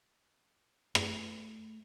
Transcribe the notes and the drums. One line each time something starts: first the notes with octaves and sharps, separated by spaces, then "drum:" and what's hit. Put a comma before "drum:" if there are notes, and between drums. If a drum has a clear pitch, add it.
A3, drum: rim click